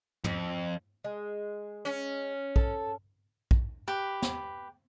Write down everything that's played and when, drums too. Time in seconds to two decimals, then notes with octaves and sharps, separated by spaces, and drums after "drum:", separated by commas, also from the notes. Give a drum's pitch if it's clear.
0.24 F2, drum: tom
1.04 G#3
1.85 C#4
2.56 A4, drum: kick A#1
3.51 drum: kick A#1
3.87 G4 B4
4.22 drum: snare